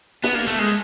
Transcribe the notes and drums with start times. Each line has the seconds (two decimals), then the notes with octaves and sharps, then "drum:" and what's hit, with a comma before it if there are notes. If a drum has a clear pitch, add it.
0.24 B3, drum: snare
0.35 A#3
0.47 A3
0.59 G#3